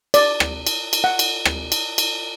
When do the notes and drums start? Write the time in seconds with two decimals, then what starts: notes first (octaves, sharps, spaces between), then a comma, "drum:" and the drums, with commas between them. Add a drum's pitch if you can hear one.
0.14 D5, drum: cymbal
0.40 drum: rim click
0.67 drum: cymbal
0.93 drum: cymbal
1.04 F#5
1.19 drum: cymbal
1.45 drum: rim click
1.72 drum: cymbal
1.98 drum: cymbal